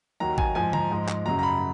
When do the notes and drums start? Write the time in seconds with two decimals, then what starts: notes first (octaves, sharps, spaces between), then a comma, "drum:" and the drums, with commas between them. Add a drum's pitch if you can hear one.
0.20 D#2 D#3 F#3 A#5
0.38 G#5, drum: kick
0.55 G#2 F3 G#5
0.73 A#5, drum: tom D3
0.91 G#2 F3
1.08 drum: clap
1.26 F#2 C#3 F#3 A#5
1.39 A#5
1.43 B5